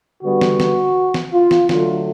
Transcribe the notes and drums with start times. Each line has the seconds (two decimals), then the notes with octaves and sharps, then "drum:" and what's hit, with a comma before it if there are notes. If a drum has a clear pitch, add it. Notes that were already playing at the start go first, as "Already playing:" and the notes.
0.23 D3 G3 B3 F#4
0.41 drum: snare
0.60 drum: snare
1.14 drum: snare
1.33 F4
1.51 drum: snare
1.69 D3 F#3 A3 F4, drum: snare